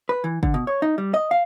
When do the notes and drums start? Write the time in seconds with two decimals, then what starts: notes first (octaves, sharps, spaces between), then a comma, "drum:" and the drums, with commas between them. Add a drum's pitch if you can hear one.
0.09 B4
0.24 E3
0.43 D3, drum: kick
0.54 B2
0.67 C#5
0.82 D#4
0.98 G3
1.14 D#5
1.31 F5